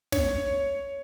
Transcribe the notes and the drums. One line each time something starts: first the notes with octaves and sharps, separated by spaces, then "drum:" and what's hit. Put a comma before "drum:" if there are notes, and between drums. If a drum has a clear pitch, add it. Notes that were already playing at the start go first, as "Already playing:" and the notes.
C#5, drum: snare